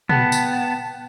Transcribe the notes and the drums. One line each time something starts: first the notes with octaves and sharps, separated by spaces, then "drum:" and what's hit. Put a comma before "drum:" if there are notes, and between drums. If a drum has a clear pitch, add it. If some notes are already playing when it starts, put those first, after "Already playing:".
B3 F#5 G5 A5, drum: tom
drum: tambourine